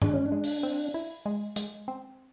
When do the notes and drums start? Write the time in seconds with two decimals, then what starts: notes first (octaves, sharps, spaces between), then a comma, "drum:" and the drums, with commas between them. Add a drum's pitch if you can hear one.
0.02 G#3 D4, drum: tom G2
0.14 C#4
0.26 D4
0.32 G#3
0.44 drum: open hi-hat
0.63 C4
0.94 E4
1.26 G#3
1.56 G#3, drum: hi-hat
1.88 C4